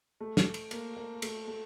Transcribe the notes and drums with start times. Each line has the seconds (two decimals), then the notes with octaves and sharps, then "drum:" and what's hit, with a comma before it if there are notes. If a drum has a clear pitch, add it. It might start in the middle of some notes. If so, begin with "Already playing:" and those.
0.21 A3
0.37 drum: snare
0.54 drum: cymbal
0.71 A#3, drum: cymbal
0.97 A#3
1.22 A3, drum: cymbal
1.48 A3